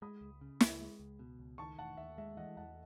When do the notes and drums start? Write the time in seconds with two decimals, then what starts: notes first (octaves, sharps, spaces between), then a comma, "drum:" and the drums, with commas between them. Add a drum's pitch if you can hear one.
0.02 G#3 B5 D#6
0.21 C#2
0.41 C#3
0.61 C#2, drum: snare
0.80 G#3
1.00 C#2
1.19 B2
1.39 C#2
1.58 D#3 A5 C#6
1.78 E1 F#5 A5
1.97 D#2 E5
2.18 G#3 E5
2.37 E3 D#5 F#5
2.57 E2 F#5 A5